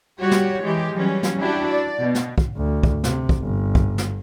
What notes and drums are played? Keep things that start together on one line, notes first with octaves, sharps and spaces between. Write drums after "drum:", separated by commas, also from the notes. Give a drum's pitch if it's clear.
G3 F#4 G4 C#5
drum: snare
E3 G#3 G4
E3 F#3 G3 C#4
drum: snare
D4 E4 F#4 G4
D5
B2
drum: snare
drum: kick
D2
drum: kick
C3, drum: snare
drum: kick
G1
drum: kick
drum: snare